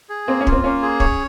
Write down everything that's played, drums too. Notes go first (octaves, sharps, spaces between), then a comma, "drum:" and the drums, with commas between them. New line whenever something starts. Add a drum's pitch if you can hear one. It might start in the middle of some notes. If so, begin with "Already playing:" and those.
G#4
A#3 C4
C#4
F4, drum: kick
C4
A#3 C#4
G#4
C#5, drum: kick